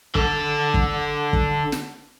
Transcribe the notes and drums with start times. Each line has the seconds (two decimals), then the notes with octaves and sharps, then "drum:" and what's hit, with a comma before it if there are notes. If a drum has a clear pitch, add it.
0.15 D3 A4, drum: kick
0.74 drum: kick
1.33 drum: kick
1.72 drum: snare